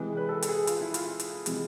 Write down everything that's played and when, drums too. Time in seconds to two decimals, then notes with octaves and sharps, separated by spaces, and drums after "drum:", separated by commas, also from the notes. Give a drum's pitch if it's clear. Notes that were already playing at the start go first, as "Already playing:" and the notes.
Already playing: C3 E3 G#3 G#4
0.17 B4
0.29 A4
0.42 A4, drum: hi-hat
0.49 G#4
0.67 F4, drum: hi-hat
0.81 E4
0.94 F4, drum: hi-hat
1.20 drum: hi-hat
1.46 C3 E3 G#3, drum: hi-hat